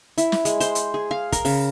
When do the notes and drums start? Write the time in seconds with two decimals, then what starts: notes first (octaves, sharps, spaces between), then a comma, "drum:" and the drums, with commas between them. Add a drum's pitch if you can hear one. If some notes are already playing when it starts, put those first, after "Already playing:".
0.18 E4, drum: hi-hat
0.32 drum: snare
0.45 G#3, drum: hi-hat
0.60 C5, drum: hi-hat
0.75 drum: hi-hat
0.94 G#4
1.11 F5
1.32 A#4, drum: kick, hi-hat
1.45 C#3, drum: open hi-hat